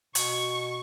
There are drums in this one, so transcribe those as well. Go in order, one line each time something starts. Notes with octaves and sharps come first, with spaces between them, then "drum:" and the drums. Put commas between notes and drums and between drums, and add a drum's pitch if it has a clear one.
B2 C#6, drum: hi-hat